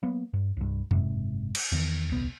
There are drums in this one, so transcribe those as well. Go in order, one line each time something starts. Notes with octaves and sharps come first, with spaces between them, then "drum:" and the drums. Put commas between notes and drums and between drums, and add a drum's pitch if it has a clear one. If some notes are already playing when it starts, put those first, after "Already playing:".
F#3 A#3 B3
G2
C2 G2
F#1 G#2 C3, drum: tom F2
drum: cymbal
E2 D#3
D#1 C2 B3